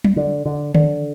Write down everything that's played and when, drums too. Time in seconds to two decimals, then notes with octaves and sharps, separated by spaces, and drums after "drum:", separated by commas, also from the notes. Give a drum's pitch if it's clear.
0.04 drum: tom F#3
0.16 D3
0.46 D3
0.75 D3, drum: tom D3